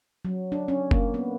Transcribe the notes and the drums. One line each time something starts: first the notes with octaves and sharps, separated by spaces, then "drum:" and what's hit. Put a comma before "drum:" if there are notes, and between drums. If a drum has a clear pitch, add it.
F#3
D4
C#4
A#3, drum: kick F#1
B3